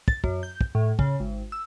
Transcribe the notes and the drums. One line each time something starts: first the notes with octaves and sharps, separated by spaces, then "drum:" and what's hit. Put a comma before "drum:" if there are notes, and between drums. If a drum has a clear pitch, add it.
A6, drum: kick
F#2, drum: kick
G6
drum: kick
A2
C#3, drum: kick
G#1
E6